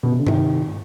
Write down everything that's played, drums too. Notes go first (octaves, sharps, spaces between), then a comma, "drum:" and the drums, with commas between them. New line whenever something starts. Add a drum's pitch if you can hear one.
B2
C3
D3
C3 D#3, drum: tom G2